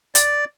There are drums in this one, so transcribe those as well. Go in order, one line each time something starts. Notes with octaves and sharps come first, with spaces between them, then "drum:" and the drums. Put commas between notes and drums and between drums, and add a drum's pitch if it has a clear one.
D5, drum: hi-hat